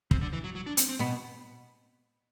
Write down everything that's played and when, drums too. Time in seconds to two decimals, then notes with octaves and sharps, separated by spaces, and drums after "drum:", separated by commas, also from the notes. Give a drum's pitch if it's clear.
0.11 C3, drum: kick
0.22 D3
0.33 E3
0.44 F#3
0.55 F#3
0.66 D4
0.77 C4, drum: hi-hat
0.89 C4
0.99 B2 B3